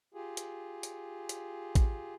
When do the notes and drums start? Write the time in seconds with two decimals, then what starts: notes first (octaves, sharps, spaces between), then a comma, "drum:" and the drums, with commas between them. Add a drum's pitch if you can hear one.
0.14 F4 G4 G#4
0.37 drum: hi-hat
0.83 drum: hi-hat
1.29 drum: hi-hat
1.75 drum: kick, hi-hat